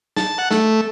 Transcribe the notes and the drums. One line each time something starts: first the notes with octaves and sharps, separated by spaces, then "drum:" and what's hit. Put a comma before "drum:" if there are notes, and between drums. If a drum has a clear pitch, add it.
A5, drum: snare
F#5
A3, drum: snare